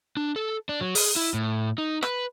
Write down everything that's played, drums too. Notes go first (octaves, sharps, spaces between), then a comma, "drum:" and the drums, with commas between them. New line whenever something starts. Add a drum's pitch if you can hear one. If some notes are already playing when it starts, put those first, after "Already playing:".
D4
A4
D4
F#3
G#4, drum: open hi-hat
E4
A2
D#4
B4, drum: rim click